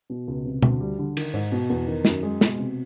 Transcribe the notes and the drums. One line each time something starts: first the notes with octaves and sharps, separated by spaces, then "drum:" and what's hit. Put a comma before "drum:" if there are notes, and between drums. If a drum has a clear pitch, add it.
B2
C#2
C3
D2, drum: tom B2
G3
D3
D#3, drum: cymbal
G#2
B2
E2
D#3
F#2, drum: snare
G#3
B2, drum: snare
C3